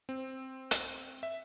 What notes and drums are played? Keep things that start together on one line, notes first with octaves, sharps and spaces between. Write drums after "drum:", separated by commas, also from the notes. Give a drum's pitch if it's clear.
C4
drum: hi-hat
E5